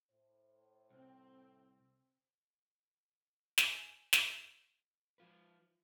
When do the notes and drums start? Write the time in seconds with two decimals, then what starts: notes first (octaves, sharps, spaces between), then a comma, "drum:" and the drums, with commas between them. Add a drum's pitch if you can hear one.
0.11 A2 C5
0.90 C2 C4
3.58 G#5, drum: snare
4.13 drum: snare
5.18 F3 F4 B4